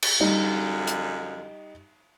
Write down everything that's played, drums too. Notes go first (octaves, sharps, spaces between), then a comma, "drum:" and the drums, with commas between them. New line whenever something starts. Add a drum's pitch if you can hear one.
drum: cymbal
F#2 D3 F3 G3 D#4
drum: hi-hat